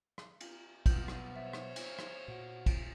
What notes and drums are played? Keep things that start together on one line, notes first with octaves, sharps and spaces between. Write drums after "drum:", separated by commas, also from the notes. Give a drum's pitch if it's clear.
drum: rim click
drum: cymbal
B2 F#3 G3 B3 G6, drum: kick, cymbal
drum: rim click
C5 C#5 E5
drum: rim click
drum: cymbal
drum: rim click
A#2 F#4
drum: kick, cymbal